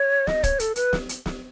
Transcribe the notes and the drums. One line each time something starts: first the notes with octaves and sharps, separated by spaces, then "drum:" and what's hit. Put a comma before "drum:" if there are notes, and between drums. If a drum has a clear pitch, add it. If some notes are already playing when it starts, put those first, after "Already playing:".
Already playing: C#5
D#5, drum: snare
C#5, drum: kick, hi-hat
A4, drum: hi-hat
B4, drum: hi-hat
drum: snare
drum: hi-hat
drum: snare